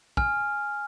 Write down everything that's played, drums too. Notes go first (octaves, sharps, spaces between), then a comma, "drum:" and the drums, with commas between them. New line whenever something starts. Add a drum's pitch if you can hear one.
G#5 F6, drum: kick